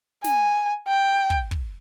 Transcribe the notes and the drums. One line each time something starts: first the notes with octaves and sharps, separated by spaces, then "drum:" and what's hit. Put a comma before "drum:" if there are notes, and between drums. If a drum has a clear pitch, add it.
G#5, drum: snare
G5
drum: kick
drum: kick